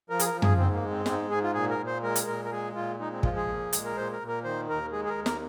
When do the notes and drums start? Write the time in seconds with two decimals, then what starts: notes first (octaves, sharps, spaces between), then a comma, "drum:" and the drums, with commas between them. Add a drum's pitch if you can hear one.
0.10 F3 A#4
0.19 G#4, drum: hi-hat
0.26 A#4
0.33 F3
0.42 G#4, drum: tom F#2
0.57 G#2 C4
0.74 A#3
0.82 G#3
0.90 C4
1.06 G#2 C4, drum: snare
1.30 G#2 G#4
1.43 F4
1.54 A#2 G#4
1.70 A#4
1.79 A#2
1.87 C5
2.03 G#3 A#4
2.16 drum: hi-hat
2.27 A#2 A#4
2.45 A#4
2.51 G#3 G#4
2.75 A#2 F4
3.00 G#3 D#4
3.12 C4
3.23 F3 F4, drum: kick
3.36 G#4
3.48 A#2
3.73 G#3, drum: hi-hat
3.85 A#4
3.97 A#2 C5
4.12 A#4
4.20 A#2
4.28 A#4
4.44 D#3 C5
4.69 D#2 A#4
4.92 G#3 G#4
5.05 G#4
5.09 A#4
5.18 D#2
5.26 A#4, drum: snare